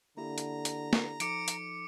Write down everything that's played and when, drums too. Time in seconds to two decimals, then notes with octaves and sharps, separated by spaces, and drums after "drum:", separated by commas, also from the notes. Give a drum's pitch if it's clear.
0.17 D3 A#3 E4 G4 A#5
0.38 drum: hi-hat
0.65 drum: hi-hat
0.93 drum: snare
1.20 F3 D#4 A4 D6 C#7 D7, drum: hi-hat
1.48 drum: hi-hat